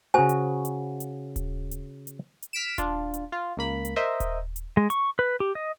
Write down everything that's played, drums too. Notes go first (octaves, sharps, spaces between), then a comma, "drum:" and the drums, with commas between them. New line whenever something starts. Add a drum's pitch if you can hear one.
C#3 F#4 C5 G#5
drum: hi-hat
drum: hi-hat
drum: hi-hat
drum: kick D#1, hi-hat
drum: hi-hat
drum: hi-hat
drum: hi-hat
F6 B6 D7 E7
D4 F4, drum: kick D#1, hi-hat
drum: hi-hat
F4
C#2 A#3 B5
drum: hi-hat
A#4 C5 D#5 E5
drum: kick D#1, hi-hat
drum: hi-hat
G#3
C#6, drum: hi-hat
B4
G4
D#5